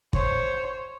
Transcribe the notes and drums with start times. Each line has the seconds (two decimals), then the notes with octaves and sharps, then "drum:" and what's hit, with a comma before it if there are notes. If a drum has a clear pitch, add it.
0.13 C5 C#5, drum: kick